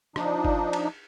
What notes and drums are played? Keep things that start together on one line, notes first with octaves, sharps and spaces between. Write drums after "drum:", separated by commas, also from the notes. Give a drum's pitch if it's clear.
F3 D4 D#4, drum: rim click
drum: kick G1
drum: cymbal